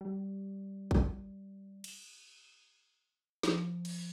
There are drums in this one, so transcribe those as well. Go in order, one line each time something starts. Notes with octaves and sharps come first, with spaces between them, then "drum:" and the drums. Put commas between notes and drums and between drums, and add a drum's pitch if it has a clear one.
G3
drum: kick
drum: cymbal
F3, drum: snare
drum: cymbal